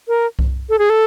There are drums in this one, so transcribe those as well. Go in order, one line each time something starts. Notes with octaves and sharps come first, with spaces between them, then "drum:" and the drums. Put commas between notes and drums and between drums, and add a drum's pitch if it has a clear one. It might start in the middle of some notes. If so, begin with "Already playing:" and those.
A#4
drum: kick C2
A4
G#4
A4